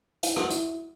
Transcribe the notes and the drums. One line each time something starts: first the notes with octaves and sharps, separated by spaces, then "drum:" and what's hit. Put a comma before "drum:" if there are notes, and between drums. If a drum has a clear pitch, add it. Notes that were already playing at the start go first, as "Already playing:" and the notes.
E4, drum: hi-hat
F#4, drum: rim click
E4, drum: hi-hat